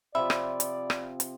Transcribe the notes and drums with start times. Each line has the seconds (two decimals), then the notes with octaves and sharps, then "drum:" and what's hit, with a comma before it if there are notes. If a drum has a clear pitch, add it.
0.15 C3 F3 D5 E5 B5
0.30 drum: rim click
0.60 drum: hi-hat
0.90 drum: rim click
1.20 drum: hi-hat